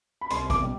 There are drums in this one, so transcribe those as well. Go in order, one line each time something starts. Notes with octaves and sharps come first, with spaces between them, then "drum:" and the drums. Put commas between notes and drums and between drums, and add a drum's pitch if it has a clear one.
B5
C2 C6, drum: hi-hat
D6, drum: kick, hi-hat
B2 G3